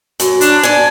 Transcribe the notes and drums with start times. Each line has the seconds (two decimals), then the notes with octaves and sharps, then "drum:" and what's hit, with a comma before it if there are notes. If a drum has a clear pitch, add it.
0.20 F#2, drum: hi-hat
0.41 D4, drum: hi-hat
0.63 D4 D5 G#5